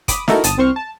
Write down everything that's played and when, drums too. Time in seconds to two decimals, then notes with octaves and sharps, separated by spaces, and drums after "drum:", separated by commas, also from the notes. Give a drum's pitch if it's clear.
0.08 B5 D6 D#6, drum: kick, hi-hat
0.28 D#4 E4 F#4 A4 A#4, drum: snare
0.44 G1 A5 D#6 D#7, drum: hi-hat
0.58 C2 C4 C5 C#6 F6
0.76 A5